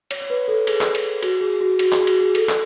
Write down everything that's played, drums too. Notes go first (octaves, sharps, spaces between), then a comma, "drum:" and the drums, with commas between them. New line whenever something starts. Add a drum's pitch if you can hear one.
C#5, drum: cymbal
C#5
B4
A4
G#4, drum: cymbal
drum: clap
drum: cymbal
F#4, drum: cymbal
G#4
F#4
F#4, drum: cymbal
G#4, drum: clap
F#4, drum: cymbal
G#4
A4, drum: cymbal
drum: clap